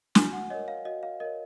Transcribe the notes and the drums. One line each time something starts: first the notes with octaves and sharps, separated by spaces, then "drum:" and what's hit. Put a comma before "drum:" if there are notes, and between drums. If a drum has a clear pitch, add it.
F#4 G#5, drum: snare
F#5
A#4 C#5 D#5
F5
F#4 D#5
F5
A#4 C#5 D#5